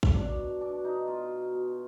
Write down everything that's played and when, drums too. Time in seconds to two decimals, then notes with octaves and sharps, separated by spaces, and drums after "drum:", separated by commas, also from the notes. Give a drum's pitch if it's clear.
0.03 drum: kick
0.14 B2 D4
0.38 B2
0.61 B2 D4
0.84 B2 D#4
1.07 B2 F4
1.31 B2
1.54 B2